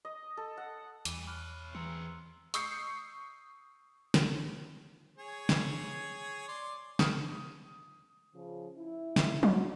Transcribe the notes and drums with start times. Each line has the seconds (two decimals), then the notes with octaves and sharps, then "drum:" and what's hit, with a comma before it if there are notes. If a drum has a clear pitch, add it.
0.05 D#5
0.37 A4
0.57 F#5
1.05 E2 E3 G3 D#7, drum: hi-hat
1.27 C#5 B5 F6 F#6
1.75 E3 C4 G#4 A#5 E6 C#7
2.54 C#6 D#6 E6 G6 C7 C#7, drum: hi-hat
4.14 drum: snare
5.18 G#4 C#5
5.49 drum: snare
6.48 D5 C6
6.99 D#6, drum: snare
8.34 C#3 F3
8.77 E4
9.16 drum: snare
9.43 F#4, drum: tom F3